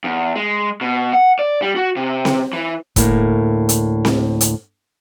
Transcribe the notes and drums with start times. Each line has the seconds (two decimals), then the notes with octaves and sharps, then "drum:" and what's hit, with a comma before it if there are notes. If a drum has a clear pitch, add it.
0.04 E2
0.36 G#3
0.81 B2
1.13 F#5
1.39 D5
1.62 G3
1.76 F#4
1.96 C3
2.25 drum: snare C4
2.53 E3
2.96 D2 A2 A#3, drum: kick, hi-hat
3.69 drum: hi-hat
4.05 drum: snare C4
4.41 drum: hi-hat